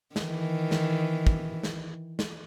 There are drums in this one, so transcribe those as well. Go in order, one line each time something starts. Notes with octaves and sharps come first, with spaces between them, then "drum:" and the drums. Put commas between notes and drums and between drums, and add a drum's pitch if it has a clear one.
D#3 E3, drum: snare
drum: snare
drum: kick
drum: snare
drum: snare